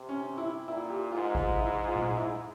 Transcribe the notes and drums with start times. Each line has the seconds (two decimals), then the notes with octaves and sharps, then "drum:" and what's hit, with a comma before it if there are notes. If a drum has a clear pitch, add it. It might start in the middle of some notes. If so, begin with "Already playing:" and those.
Already playing: C3
0.09 C#4
0.38 E4
0.68 A#2 E4
0.90 G4
1.12 G#2 F4
1.35 F4, drum: kick G#1
1.57 E4
1.86 F4
1.96 drum: tom A#2
2.17 E4